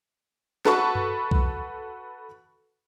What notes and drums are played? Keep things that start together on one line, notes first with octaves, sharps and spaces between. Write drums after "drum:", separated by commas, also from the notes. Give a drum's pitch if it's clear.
F#4 A4 B4 A5 B5 C#6, drum: snare
drum: tom F#2
drum: kick B1